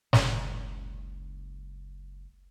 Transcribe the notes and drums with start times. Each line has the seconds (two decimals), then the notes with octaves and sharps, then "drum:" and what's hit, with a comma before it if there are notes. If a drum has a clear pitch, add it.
0.13 F#1 C#2, drum: snare